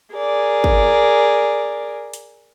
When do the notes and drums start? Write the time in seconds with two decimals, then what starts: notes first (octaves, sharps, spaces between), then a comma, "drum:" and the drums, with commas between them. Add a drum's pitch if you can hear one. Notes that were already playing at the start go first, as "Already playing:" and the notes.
0.14 G#4 A#4 D5
0.64 drum: kick
2.14 drum: hi-hat